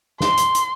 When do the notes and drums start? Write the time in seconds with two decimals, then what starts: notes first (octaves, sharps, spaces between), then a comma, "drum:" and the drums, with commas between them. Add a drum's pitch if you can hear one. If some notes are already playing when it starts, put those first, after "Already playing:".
0.21 C6, drum: snare
0.37 drum: hi-hat
0.55 drum: hi-hat